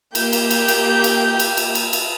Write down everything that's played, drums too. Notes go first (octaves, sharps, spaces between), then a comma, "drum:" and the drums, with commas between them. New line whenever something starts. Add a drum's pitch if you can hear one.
A#3 G4 G6, drum: cymbal
drum: cymbal
drum: cymbal
drum: cymbal
drum: cymbal
drum: cymbal
drum: cymbal
drum: cymbal
drum: cymbal